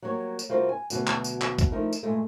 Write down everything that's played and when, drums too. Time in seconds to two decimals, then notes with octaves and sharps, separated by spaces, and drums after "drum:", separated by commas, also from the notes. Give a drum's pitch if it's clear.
0.02 F#3 G3 A#3 C#5
0.39 drum: tambourine
0.49 C3 G3 F4 F#4 A#4 C5
0.69 G#5
0.90 D2 B2 F#3 F#4 B4, drum: tambourine
1.07 drum: clap
1.24 drum: tambourine
1.41 drum: clap
1.58 drum: kick C2, tambourine
1.72 F3 A3 D#4 E4 A#4
1.93 drum: tambourine
2.03 G2 A#2 G#3 A3